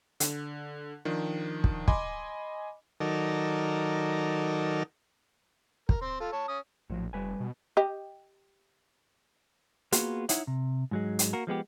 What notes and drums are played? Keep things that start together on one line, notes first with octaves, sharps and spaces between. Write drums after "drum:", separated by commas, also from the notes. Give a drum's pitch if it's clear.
D3, drum: hi-hat
D#3 F3 D4
drum: kick
D#5 G#5 B5 C6 D6, drum: kick
D#3 F#3 D#4 A4 A#4 D5
A#4, drum: kick
C4 C6
F4 A4
C#5 A5
C#4 D#6
A#1 A2 F3 F#3
F1 G3 B4 G#5
B2
G4 D#5
A#3 B3 F4 F#4 G#4, drum: hi-hat
D#4 E4 C#5 E5 F#5, drum: hi-hat
C3
G#2 F#3 G#3
drum: hi-hat
A#3 F#4 A#4
F3 G#3 B3 G4